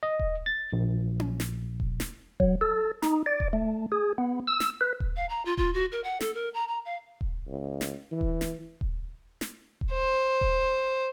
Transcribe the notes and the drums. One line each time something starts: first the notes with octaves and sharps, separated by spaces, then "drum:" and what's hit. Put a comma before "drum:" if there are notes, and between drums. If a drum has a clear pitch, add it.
D#5
drum: kick D#1
A6
A#1
drum: tom C#4
drum: snare
drum: kick D#1
drum: snare
F#3, drum: kick D#1
A4
D#4, drum: snare
D5
drum: kick D#1
A3
G#4
B3
E6
drum: snare
B4
drum: kick D#1
F5
A#5
F4
F4, drum: kick D#1
F#4
A#4
F#5
A4, drum: snare
A#4
A#5
A#5
F5
drum: kick D#1
C#2
drum: snare
E3
drum: kick D#1
drum: snare
drum: kick D#1
drum: snare
drum: kick D#1
C5
drum: kick D#1